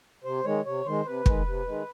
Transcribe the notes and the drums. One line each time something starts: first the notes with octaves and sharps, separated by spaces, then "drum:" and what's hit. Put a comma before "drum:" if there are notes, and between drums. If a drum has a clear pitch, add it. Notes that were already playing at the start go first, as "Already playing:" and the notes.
C3 C5
D#3 G#3 C#5
C3 C#5
D#3 G#3 C5
C3 B4
D#3 G#3, drum: kick
C3
D#3 G#3